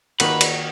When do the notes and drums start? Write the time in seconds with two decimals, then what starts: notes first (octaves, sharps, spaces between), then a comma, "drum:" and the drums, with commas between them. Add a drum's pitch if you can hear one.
0.20 D#3 A#3 D#4 F#4 B4, drum: cymbal
0.41 drum: cymbal